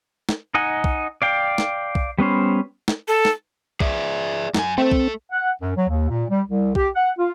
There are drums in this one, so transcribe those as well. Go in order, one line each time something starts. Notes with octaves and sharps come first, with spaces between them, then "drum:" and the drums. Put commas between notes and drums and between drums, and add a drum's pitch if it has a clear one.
drum: snare
D#4 D#5 F#5 G#5
drum: kick
D5 F5 G5
drum: snare
drum: kick
G3 B3 C#4 C5
drum: snare
A4
drum: snare
G#4 D5 E5, drum: kick
F#2 G#5, drum: snare
A3 C4 A4
drum: kick
F#5
F#2
F#3
D#2
A#2
G3
C2
G4, drum: kick
F#5
F4